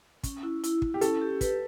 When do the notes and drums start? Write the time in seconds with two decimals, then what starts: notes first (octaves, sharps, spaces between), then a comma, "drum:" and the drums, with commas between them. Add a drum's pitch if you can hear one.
0.23 C#4, drum: kick, hi-hat
0.43 E4
0.64 E4, drum: hi-hat
0.82 E4, drum: kick
0.94 G4
1.01 C#4 A4, drum: hi-hat
1.21 G4
1.41 B4, drum: kick, hi-hat